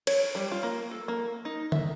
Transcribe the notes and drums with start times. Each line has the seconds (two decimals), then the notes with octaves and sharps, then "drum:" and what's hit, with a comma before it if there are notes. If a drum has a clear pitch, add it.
0.07 C#5, drum: cymbal
0.35 G3
0.52 F4
0.63 A#3
0.91 A4
1.08 A#3
1.45 D#4
1.72 E5, drum: tom D3